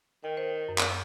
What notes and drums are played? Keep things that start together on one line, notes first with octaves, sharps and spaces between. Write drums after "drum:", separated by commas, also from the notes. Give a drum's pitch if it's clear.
D#3 G5
C5
F#2
drum: clap